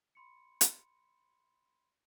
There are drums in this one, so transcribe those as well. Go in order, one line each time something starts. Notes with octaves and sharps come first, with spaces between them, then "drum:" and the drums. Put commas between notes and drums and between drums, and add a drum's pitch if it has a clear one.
B5 C6 C#7
drum: hi-hat